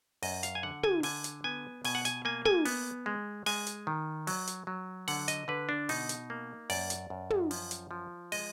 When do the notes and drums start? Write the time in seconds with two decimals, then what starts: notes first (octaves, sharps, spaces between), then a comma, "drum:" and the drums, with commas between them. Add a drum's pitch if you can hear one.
0.23 F#2 D#5, drum: open hi-hat
0.43 F5, drum: hi-hat
0.55 G#5
0.63 D3 F#5
0.83 G#5, drum: tom
1.03 D3 G#5, drum: open hi-hat
1.24 drum: hi-hat
1.44 B3 G#5
1.84 B2 G#5, drum: open hi-hat
1.95 F#5
2.05 G#5, drum: hi-hat
2.25 A#3 G#5
2.45 G#5, drum: tom
2.65 B3, drum: open hi-hat
3.06 G#3
3.46 G#3 G#5, drum: open hi-hat
3.67 drum: hi-hat
3.87 D#3
4.27 F#3, drum: open hi-hat
4.47 drum: hi-hat
4.67 F#3
5.08 D3 F#5, drum: open hi-hat
5.28 D#5, drum: hi-hat
5.48 D3 B4
5.69 D4
5.89 B2 D#4, drum: open hi-hat
6.09 drum: hi-hat
6.30 A#3
6.70 F#2 D5, drum: open hi-hat
6.90 drum: hi-hat
7.10 F#2
7.30 drum: tom
7.51 F3, drum: open hi-hat
7.71 drum: hi-hat
7.91 F3
8.32 G#3 D#5, drum: open hi-hat